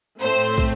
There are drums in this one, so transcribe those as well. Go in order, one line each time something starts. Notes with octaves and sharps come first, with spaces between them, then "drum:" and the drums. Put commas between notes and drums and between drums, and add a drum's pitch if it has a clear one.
A2 A3 C4 C5
drum: kick